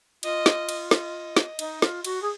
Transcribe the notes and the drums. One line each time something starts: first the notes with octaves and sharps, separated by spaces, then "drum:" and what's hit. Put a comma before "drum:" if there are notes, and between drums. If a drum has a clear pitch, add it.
F4 D#5, drum: cymbal
drum: snare
drum: cymbal
D#5, drum: snare
drum: snare
D#4, drum: cymbal
F4, drum: snare
F#4, drum: cymbal
G#4